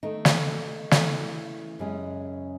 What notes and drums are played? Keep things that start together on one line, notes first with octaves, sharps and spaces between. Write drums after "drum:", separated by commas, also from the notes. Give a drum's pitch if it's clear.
D#3 A3 D#4
drum: snare
C#3 E3 A3 E4, drum: snare
F#2 C#3 G#3 C#4 G#4